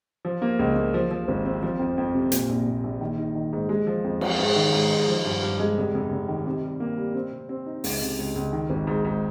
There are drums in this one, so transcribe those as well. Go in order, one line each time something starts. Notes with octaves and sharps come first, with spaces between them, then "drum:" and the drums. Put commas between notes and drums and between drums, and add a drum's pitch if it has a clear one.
F3
A#3
C#2
A#3
F3
F3
G#1
C4
F3
F2
F2
C3
A#2, drum: hi-hat
A#1
A#1
A#1
D#3
D#4
D#3
G#2
G#3
F3
F2
F3, drum: cymbal
G#2
D#3
G#2
D#4
F3
G2
G2
G#3
F1
F1
F1
D#3
C3
G3
A#3
G3
C4
C3
C4
D#4
C#2, drum: open hi-hat
C3
C#2
C#2
D#3
G#1
G#2
G#2